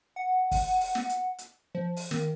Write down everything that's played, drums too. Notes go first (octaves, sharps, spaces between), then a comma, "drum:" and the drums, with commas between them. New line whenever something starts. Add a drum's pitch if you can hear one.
F#5
drum: kick, open hi-hat
drum: open hi-hat
drum: snare
drum: hi-hat
drum: hi-hat
F3
drum: open hi-hat
D#3, drum: snare